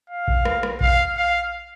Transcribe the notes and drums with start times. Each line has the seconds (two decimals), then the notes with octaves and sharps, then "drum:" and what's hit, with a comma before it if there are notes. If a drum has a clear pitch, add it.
0.10 F5
0.28 drum: kick A#1
0.45 drum: rim click
0.63 drum: rim click
0.81 F5, drum: kick A#1
1.17 F5